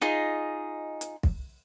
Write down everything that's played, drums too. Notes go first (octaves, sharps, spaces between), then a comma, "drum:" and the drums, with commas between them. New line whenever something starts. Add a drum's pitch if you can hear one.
D#4 F4 G#4 D#5
drum: hi-hat
drum: kick